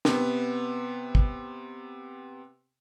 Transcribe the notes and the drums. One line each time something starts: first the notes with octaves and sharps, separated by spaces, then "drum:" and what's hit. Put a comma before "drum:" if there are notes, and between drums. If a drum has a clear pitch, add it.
C3 B3, drum: snare
drum: kick